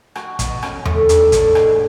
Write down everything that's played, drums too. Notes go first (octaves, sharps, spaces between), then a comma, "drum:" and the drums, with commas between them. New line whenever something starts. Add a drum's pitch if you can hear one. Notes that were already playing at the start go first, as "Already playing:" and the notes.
F#4, drum: rim click
B2, drum: kick, hi-hat
C#4, drum: rim click
A3, drum: tom E2
D4, drum: hi-hat
A2, drum: kick, hi-hat
G#3, drum: rim click